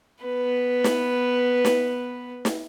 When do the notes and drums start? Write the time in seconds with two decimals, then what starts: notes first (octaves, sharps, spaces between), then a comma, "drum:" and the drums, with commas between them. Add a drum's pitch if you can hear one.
0.24 B3 B4
0.84 drum: snare
1.65 drum: snare
2.45 drum: snare